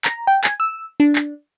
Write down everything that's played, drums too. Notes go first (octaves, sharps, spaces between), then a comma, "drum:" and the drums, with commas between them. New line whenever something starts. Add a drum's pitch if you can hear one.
A#5, drum: clap
G5
G#5, drum: clap
E6
D4
drum: clap